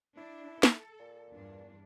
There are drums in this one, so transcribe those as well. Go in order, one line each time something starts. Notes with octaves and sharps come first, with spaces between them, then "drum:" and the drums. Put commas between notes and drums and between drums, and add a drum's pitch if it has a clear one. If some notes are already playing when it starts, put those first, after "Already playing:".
D4 E4
A4, drum: snare
A#2
E2 G2 D4